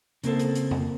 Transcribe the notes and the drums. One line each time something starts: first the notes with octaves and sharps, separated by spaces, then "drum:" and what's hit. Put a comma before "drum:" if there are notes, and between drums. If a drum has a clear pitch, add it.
C#3 A#3 C4 A4, drum: hi-hat
drum: hi-hat
drum: hi-hat
drum: tom F2